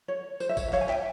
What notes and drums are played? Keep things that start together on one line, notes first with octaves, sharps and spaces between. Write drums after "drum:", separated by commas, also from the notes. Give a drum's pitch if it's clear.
C#5
C5, drum: tambourine
E5
C#5, drum: kick, tambourine
E5
C#5 F5, drum: clap
G#5
E5 G5, drum: clap